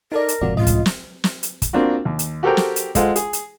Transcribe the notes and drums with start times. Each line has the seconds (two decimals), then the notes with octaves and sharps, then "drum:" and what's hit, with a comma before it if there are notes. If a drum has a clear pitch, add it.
0.12 D#4 A4 A#4 D5
0.28 drum: hi-hat
0.41 E1 G#2 C3 F3 D4 F4 F#4 D5
0.57 C#2 A2 F4 D#5
0.67 drum: kick, hi-hat
0.86 drum: snare
1.24 drum: snare
1.43 drum: hi-hat
1.62 drum: kick, hi-hat
1.73 A#3 C4 D4 F4 F#4
2.05 D#2
2.19 drum: hi-hat
2.43 F#4 G4 A4 A#4 C5 G5
2.57 drum: snare
2.76 drum: hi-hat
2.95 G#3 F4 A4 C5 F#5, drum: kick, hi-hat
3.16 G#4, drum: hi-hat
3.33 drum: hi-hat